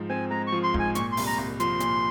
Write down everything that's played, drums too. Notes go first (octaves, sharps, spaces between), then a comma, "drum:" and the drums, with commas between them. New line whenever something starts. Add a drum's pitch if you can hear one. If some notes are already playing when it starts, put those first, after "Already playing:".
Already playing: G#2 F3
C4 G#5
G#3 A#5
C#6
F3
C6
G#2 G#5, drum: kick
A#2 C#6, drum: hi-hat
C6
C2, drum: open hi-hat
A#5
C2
F3 C6, drum: hi-hat
A#2, drum: hi-hat